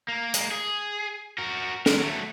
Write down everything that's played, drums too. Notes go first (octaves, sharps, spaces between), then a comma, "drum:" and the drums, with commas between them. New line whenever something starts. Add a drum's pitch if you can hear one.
A#3
G#3 A#3, drum: hi-hat
G#4
F#4 A#4
A#4, drum: snare
F#3 A3